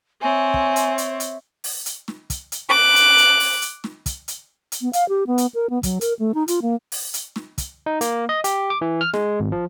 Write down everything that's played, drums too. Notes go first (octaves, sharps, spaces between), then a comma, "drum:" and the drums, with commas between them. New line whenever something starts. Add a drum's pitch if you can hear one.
C4 C#5 E5 G#5
drum: kick
drum: hi-hat
drum: hi-hat
drum: hi-hat
drum: open hi-hat
drum: hi-hat
drum: snare
drum: kick, hi-hat
drum: hi-hat
D6 F#6
drum: hi-hat
drum: hi-hat
drum: open hi-hat
drum: hi-hat
drum: snare
drum: kick, hi-hat
drum: hi-hat
drum: hi-hat
B3
F5, drum: hi-hat
G4
B3
drum: hi-hat
A#4
B3
F#3, drum: kick, hi-hat
A#4, drum: hi-hat
A3
D#4
F4, drum: hi-hat
A#3
drum: open hi-hat
drum: hi-hat
drum: snare
drum: kick, hi-hat
D#4
A#3, drum: hi-hat
D#5
G4, drum: hi-hat
D6
E3
F6
G#3, drum: snare
G#1
F3